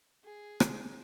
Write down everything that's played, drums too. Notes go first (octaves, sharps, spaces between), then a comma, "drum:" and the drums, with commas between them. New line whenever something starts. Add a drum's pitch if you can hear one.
G#4
drum: rim click